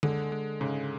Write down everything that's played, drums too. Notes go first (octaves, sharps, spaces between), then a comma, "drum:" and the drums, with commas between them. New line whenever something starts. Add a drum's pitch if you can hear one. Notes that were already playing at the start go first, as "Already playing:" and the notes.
D3 G#3, drum: tom D3
G#3
G#2 C#3